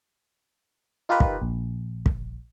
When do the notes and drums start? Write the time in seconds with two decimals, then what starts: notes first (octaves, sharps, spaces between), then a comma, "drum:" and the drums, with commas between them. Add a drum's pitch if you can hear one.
1.09 D#4 F4 G4 A#4 B4
1.20 drum: kick
1.42 A#1
2.06 drum: kick